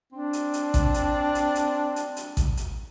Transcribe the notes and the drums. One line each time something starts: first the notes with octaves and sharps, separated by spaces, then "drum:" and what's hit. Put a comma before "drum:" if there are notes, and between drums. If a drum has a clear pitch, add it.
C4 D4
drum: hi-hat
drum: hi-hat
drum: kick A1, hi-hat
drum: hi-hat
drum: hi-hat
drum: hi-hat
drum: hi-hat
drum: hi-hat
drum: kick A1, hi-hat
drum: hi-hat